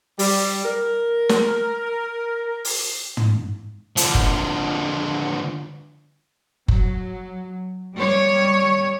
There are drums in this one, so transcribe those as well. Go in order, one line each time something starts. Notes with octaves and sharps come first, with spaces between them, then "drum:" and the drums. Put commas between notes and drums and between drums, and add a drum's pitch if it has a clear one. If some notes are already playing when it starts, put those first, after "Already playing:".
G3, drum: open hi-hat
A#4
drum: snare
drum: open hi-hat
drum: tom
D3 F3, drum: hi-hat
drum: kick F#1
F#3, drum: kick F#1
G3 C#5